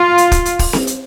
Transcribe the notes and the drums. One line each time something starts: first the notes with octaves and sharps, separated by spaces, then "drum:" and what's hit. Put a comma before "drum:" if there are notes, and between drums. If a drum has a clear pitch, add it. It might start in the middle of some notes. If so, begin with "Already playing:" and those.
Already playing: F4
drum: hi-hat
drum: kick, hi-hat
drum: hi-hat
drum: kick, open hi-hat
drum: snare C4
drum: hi-hat